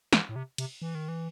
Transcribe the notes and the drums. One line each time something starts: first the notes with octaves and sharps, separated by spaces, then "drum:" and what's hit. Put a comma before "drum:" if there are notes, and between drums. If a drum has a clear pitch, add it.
E3, drum: snare
A2
C3
C3, drum: cymbal
E3
D#3
E3